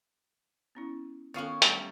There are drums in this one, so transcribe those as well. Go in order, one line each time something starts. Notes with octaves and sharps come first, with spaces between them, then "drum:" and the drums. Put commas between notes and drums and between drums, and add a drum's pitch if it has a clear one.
B3 C#4 E4
D#3 B3 C#4 F4 A4 C#5 F5 C#6
F#3 G3 A3, drum: hi-hat